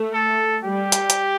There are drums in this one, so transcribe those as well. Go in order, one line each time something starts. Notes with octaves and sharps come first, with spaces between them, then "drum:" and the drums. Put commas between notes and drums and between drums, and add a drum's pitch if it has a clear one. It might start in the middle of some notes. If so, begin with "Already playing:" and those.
Already playing: A3
A4
G3 G4
drum: hi-hat
drum: hi-hat